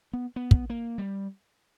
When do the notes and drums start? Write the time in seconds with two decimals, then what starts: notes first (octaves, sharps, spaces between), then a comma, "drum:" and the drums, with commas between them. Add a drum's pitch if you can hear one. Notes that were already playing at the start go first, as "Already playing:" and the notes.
0.13 B3
0.36 B3
0.51 drum: kick
0.70 A#3
0.98 G3